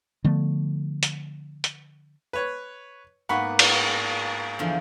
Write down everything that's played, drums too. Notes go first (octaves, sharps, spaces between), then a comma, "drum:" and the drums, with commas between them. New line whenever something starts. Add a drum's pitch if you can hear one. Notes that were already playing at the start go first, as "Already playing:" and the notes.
D3 F3 A3 B3
drum: hi-hat
drum: hi-hat
B4 C#5
G#2 A#3 B3 G#4 F#5 B5 C#6
drum: cymbal
E2 D3 F3